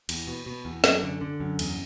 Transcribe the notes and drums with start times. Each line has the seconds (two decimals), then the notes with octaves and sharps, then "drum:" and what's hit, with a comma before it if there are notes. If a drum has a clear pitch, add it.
0.09 E2, drum: cymbal
0.27 B2
0.46 B2
0.65 E2
0.84 F#2, drum: snare
1.03 D3
1.21 D3
1.40 F#2
1.59 E2, drum: cymbal